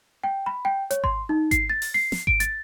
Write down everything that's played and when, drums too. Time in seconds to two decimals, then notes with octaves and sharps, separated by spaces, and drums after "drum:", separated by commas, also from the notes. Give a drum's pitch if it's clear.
0.24 G5
0.46 B5
0.65 G5
0.91 C#5, drum: hi-hat
1.04 C6, drum: kick G#1
1.29 D#4
1.51 C7, drum: kick G#1, hi-hat
1.70 A6
1.82 drum: open hi-hat
1.94 C7
2.12 drum: snare
2.27 D7, drum: kick G#1
2.40 A6, drum: hi-hat